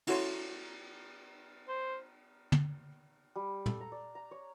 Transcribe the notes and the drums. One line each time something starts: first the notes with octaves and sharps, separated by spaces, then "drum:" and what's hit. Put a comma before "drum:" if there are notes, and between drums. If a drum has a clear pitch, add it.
C#4 E4 F#4 A4 C#5 C6, drum: cymbal
C5
drum: tom
G3
A4, drum: tom
A#5
D5
A#5
C#5